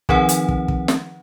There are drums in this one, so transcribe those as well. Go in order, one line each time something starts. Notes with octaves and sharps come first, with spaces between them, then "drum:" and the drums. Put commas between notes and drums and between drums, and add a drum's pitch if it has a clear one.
D#3 F3 C4 D#4 B4 F#5, drum: kick
drum: hi-hat
drum: kick
drum: kick
drum: snare